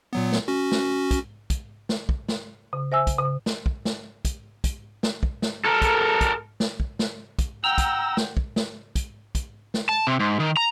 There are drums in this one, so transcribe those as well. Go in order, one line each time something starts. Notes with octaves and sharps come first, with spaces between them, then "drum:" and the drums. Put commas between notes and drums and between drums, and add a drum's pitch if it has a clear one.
A#2 F#3 B3
drum: snare
C#4 F#4
drum: snare
drum: kick, hi-hat
drum: kick, hi-hat
drum: snare
drum: kick
drum: snare
C#3
C5 E5 G#5 E6
drum: kick, hi-hat
C#3
drum: snare
drum: kick
drum: snare
drum: kick, hi-hat
drum: kick, hi-hat
drum: snare
drum: kick
drum: snare
A4 A#4
drum: kick, hi-hat
drum: kick, hi-hat
drum: snare
drum: kick
drum: snare
drum: kick, hi-hat
F#5 G5 A#5 E6
drum: kick, hi-hat
drum: snare
drum: kick
drum: snare
drum: kick, hi-hat
drum: kick, hi-hat
drum: snare
A5
C3
G#2
D#3
A#5